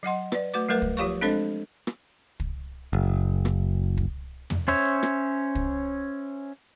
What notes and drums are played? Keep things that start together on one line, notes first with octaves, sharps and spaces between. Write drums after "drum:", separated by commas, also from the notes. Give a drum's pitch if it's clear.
F#3 D#5 F#5 C6
B4 D5, drum: rim click
A3 F#4 B4 D6
F#3 G3 A3 A#4 B4
drum: kick
F3 F4 G4 C#5 F5 C#6
G#3 C4 D4 A4 C5 D#5
drum: rim click
drum: kick
F#1
drum: rim click
drum: kick
drum: tom
C#4 C5 C#5 E5
drum: rim click
drum: kick